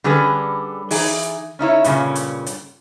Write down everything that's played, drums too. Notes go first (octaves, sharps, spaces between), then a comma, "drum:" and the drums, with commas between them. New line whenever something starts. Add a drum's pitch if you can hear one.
D3 G3 C#4 G#4 B4
E3 D#4 G#4, drum: open hi-hat
drum: hi-hat
C#4 D#4 E4 C#5
G2 A#2 C#3 C#4, drum: hi-hat
drum: hi-hat
drum: hi-hat